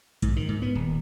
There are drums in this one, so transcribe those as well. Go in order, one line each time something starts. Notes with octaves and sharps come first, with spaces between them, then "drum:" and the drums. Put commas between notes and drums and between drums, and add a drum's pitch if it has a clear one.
G#2, drum: kick B1, hi-hat
D#3
G#2
B3
D#1